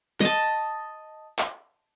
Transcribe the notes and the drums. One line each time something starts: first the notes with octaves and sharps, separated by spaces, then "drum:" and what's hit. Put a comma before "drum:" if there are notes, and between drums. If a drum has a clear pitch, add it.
D#5 A5, drum: snare
drum: clap